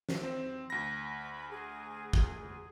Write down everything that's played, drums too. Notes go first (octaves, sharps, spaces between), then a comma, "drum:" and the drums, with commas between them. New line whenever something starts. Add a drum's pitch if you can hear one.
drum: snare
C4
D2 B5 A#6
G#4
drum: kick